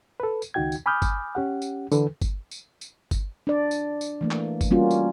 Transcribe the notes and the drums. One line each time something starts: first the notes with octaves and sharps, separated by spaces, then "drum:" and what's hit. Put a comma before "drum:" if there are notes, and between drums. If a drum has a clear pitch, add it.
A4 B4
drum: tambourine
C#2 D#3 D#4 F#4 G5 G#6
drum: tambourine
G#5 B5 D6 D#6 F6 G6
drum: kick G1, tambourine
C#4 G4 F#5
drum: tambourine
D3 E3 A4 B4, drum: tambourine
drum: kick G1, tambourine
drum: tambourine
drum: tambourine
drum: kick G1, tambourine
D4 D5
drum: tambourine
drum: tambourine
E3 A3 A#3
drum: clap
drum: kick G1, tambourine
G3 A#3 C#4 F4 F#4
drum: tambourine